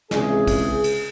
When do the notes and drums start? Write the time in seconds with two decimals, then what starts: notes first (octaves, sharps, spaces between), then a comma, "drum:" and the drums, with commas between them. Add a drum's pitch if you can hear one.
0.11 C#2 C3 E4 G#4, drum: snare
0.47 drum: kick, cymbal
0.84 drum: cymbal